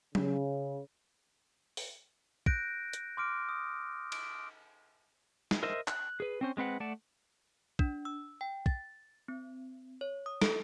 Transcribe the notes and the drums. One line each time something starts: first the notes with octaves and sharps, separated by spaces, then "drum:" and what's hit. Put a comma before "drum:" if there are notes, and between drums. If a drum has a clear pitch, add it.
C#3, drum: tom F#3
drum: open hi-hat
F#6 G6 A#6 D7, drum: kick
drum: hi-hat
C6 D6 F6 D7
D#6
D7, drum: cymbal
drum: snare
A#4 C5 D#5 E5
F#6, drum: clap
G#4 B4
C4 C#4 C5
G#3 C4 B4 F#5
A3 D5 F#5 A5
D4, drum: kick
E6
G5
A6, drum: kick
C4
C#5
D#6
A4, drum: snare